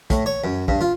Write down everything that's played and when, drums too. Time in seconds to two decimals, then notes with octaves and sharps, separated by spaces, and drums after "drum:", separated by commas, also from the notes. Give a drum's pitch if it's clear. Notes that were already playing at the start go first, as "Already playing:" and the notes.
0.10 A2, drum: kick, hi-hat
0.26 C#5
0.44 F#2
0.68 G2, drum: kick
0.81 F4